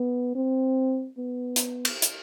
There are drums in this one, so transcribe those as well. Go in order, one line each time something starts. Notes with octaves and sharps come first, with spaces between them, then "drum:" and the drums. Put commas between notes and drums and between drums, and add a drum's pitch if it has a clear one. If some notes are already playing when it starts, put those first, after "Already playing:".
Already playing: B3
C4
B3
drum: hi-hat
drum: cymbal
drum: hi-hat